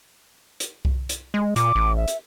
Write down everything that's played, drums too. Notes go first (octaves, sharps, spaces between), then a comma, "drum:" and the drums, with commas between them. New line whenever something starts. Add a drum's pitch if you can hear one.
drum: hi-hat
drum: kick C2
drum: hi-hat
G#3
A#2 D6, drum: hi-hat
A1
E5
drum: hi-hat